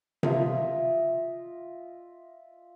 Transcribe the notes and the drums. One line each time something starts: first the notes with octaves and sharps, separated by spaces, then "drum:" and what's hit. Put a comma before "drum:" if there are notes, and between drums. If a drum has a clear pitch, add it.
F4 D#5 E5, drum: tom C3